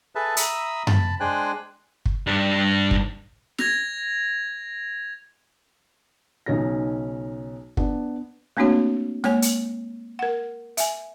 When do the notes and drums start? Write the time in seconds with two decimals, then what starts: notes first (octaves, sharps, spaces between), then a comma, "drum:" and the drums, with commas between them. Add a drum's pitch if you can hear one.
0.15 G#4 A4 B4 E5 A5
0.37 E5 A#5 B5 D#6 E6, drum: hi-hat
0.87 A5 B5, drum: tom F#2
1.20 G#3 D4 C5 G5 G#5 F#6
2.06 drum: kick
2.27 G2 D4
2.91 drum: kick
3.58 G#6 A#6 F7, drum: snare
6.46 B1 C#3 C#4 D#4 A#6
7.77 B3 D4, drum: kick
8.57 A3 A#3 C4 D4 F#4 C#5
9.24 G#3 A#3 C#5 G#5, drum: snare
9.42 drum: hi-hat
10.19 A#4 F#5
10.77 E5 G#5, drum: hi-hat